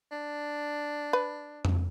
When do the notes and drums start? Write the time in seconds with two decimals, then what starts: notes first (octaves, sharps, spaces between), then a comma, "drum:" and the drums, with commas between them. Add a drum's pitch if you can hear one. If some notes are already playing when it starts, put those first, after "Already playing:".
0.12 D4
1.13 B4
1.65 drum: tom F2